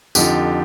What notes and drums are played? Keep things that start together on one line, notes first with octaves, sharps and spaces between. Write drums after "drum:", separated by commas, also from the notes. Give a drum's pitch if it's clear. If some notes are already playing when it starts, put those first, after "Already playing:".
F2 D3 F3 D#4 G4, drum: tambourine